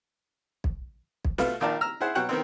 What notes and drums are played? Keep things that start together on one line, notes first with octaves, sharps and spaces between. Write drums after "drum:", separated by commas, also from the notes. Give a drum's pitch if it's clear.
drum: kick B1
drum: kick B1
B2 A3 B3 F4, drum: snare
A#1 D#3 F4 D5 A5
A#5 E6 F6
E4 G#4 C5 F#5
B2 F#3 F#5 G5 C#6 F#6
D#3 B3 C4